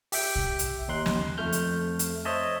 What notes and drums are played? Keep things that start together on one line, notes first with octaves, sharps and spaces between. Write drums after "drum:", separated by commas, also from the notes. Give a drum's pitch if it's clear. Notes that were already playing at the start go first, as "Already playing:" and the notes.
G4 E5 G5, drum: open hi-hat
drum: kick
drum: hi-hat
D#2 D#4 C6 F#6
drum: snare
F2 A3 F6 G6
drum: hi-hat
drum: hi-hat
C5 C#5 D#5 E5 A5